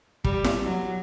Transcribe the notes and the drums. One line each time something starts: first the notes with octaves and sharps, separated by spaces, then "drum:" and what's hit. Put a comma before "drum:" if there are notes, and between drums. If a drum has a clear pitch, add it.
G3, drum: kick
drum: snare E4
F#3